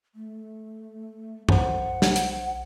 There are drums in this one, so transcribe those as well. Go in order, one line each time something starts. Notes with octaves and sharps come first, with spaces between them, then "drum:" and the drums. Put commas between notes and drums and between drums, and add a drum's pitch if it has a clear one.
A3
B1 C5 F#5, drum: tom F#2
drum: snare
drum: hi-hat